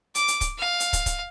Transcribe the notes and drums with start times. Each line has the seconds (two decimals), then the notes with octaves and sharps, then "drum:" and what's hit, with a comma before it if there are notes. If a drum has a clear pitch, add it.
0.15 D6, drum: hi-hat
0.28 drum: hi-hat
0.41 drum: kick, hi-hat
0.58 F5
0.80 drum: hi-hat
0.93 drum: kick, hi-hat
1.06 drum: kick, hi-hat